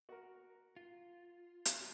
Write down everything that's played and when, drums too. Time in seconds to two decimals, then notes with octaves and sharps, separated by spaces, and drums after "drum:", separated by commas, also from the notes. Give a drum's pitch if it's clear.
0.09 F#4 A#4
0.76 F4
1.65 drum: hi-hat